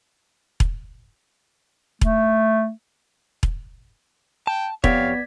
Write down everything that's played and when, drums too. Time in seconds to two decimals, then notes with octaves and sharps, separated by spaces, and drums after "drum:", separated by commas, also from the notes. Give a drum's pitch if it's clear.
0.60 drum: kick E1
2.01 A3, drum: kick E1
3.43 drum: kick E1
4.47 G5 A5
4.84 F2 B3 G4 C#5 D5 F5 G#6 B6, drum: kick E1